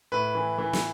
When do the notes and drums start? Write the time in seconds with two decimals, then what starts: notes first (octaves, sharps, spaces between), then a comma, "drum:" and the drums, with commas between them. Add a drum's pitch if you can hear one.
0.12 A2 B4
0.35 E3
0.58 E3
0.73 drum: snare